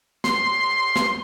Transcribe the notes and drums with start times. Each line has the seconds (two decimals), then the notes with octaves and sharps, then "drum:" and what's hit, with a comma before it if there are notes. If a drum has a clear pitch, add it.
0.24 C6, drum: snare
0.96 drum: snare